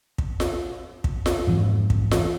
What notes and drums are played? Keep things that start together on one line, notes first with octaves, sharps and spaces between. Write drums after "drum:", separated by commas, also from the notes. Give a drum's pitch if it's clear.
drum: kick
drum: snare F4
drum: kick
drum: snare F4
F2 G#2 E3
drum: kick
drum: snare F4